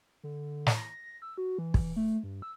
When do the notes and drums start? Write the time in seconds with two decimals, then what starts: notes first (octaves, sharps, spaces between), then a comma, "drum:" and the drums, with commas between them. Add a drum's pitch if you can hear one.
0.23 D3
0.67 drum: snare
0.77 A#6
1.22 E6
1.38 F#4
1.58 E3
1.74 drum: kick
1.96 A3
2.23 G2
2.42 E6